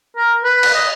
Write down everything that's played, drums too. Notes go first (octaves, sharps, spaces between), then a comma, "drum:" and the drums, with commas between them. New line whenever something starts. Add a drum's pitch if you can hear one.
A#4
B4
drum: cymbal
D#5